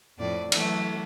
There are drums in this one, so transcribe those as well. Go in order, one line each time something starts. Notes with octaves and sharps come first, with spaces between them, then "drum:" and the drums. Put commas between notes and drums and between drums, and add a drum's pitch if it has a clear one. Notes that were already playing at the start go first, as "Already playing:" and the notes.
F2 A2 D5
E3 F#3 A3, drum: cymbal